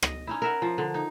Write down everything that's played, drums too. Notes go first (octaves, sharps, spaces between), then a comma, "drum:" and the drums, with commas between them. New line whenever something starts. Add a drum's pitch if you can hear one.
D#5, drum: rim click
C#4 D#4 E4
A#4 E5 F#5
F3
D3
D#4